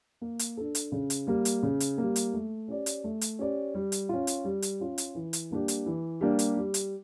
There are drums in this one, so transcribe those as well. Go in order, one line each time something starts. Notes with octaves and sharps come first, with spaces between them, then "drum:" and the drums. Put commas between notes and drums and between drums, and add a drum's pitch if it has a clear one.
A#3
drum: hi-hat
D4 A4
drum: hi-hat
C#3
drum: hi-hat
G3 A#3
drum: hi-hat
C#3
drum: hi-hat
G3 A#3
drum: hi-hat
A3
C#4 G4 D5
drum: hi-hat
A3
drum: hi-hat
C#4 G4 D5
G3
drum: hi-hat
C#4 F4
drum: hi-hat
G3
drum: hi-hat
C#4 F4
drum: hi-hat
E3
drum: hi-hat
G3 A#3 D4 G4
drum: hi-hat
E3
G3 A#3 D4 G4
drum: hi-hat
G3
drum: hi-hat